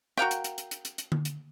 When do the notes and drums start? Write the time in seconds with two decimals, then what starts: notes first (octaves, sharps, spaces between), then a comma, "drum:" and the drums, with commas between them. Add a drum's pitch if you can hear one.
0.17 F#4 A#4 F5 G5, drum: rim click
0.31 drum: hi-hat
0.44 drum: hi-hat
0.58 drum: hi-hat
0.71 drum: hi-hat
0.85 drum: hi-hat
0.98 drum: hi-hat
1.12 drum: tom D3
1.25 drum: hi-hat